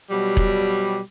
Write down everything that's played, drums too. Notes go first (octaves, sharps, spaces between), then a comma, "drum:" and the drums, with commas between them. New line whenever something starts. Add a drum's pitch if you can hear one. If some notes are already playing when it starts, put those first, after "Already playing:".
B2 F#3 G3
drum: kick E1